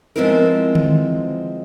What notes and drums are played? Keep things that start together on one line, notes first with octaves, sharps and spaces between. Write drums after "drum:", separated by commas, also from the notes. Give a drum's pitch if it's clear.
F3 G#3 B3 C4 E4 A#4
drum: tom D3